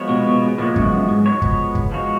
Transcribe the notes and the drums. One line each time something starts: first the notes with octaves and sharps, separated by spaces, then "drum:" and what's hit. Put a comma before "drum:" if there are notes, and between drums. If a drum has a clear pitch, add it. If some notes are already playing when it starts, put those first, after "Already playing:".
Already playing: F3 G#3 B3 F#4 C#5
B2
B2
B2
A#2 F3 G#3 B3 F#4 C#5
F#2, drum: kick
F#2
G#2
F3 G#3 B3 F#4 C#5
drum: kick
drum: kick
F3 G#3 B3 F#4 C#5